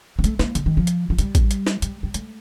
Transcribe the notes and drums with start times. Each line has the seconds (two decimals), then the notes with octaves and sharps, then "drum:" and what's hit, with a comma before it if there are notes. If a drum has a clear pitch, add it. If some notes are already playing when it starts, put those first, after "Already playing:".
0.19 A#3
0.24 A3, drum: hi-hat
0.39 A#3, drum: snare
0.55 D3, drum: hi-hat
0.66 D#3
0.77 F3
0.87 drum: hi-hat
1.10 F3
1.19 G3, drum: hi-hat
1.35 drum: kick A1, hi-hat
1.51 drum: hi-hat
1.67 drum: snare
1.82 G3, drum: hi-hat
2.03 G3
2.14 A3, drum: hi-hat